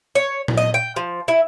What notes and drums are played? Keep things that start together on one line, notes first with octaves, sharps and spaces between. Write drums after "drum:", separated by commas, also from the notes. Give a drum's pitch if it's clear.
C#5
drum: tom A#2
D#5
G5
F3
E4